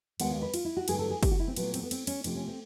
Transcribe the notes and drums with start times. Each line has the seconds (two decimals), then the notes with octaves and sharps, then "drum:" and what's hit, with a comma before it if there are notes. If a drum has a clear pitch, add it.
0.20 D#2 D#3 G#3 B3 F#5, drum: cymbal
0.31 F5
0.42 B4
0.54 F4, drum: cymbal
0.65 E4
0.77 F#4
0.88 G2 D3 F#3 A3 G#4, drum: cymbal
0.99 A4
1.10 G#4
1.23 G4, drum: kick, cymbal
1.31 F#4
1.39 E4
1.48 C4
1.56 A#2 F#3 A3 B3, drum: cymbal
1.74 C4, drum: cymbal
1.83 B3
1.91 C4, drum: cymbal
2.07 C#4, drum: cymbal
2.24 C3 F3 A3 D4, drum: cymbal
2.36 C#4
2.48 C4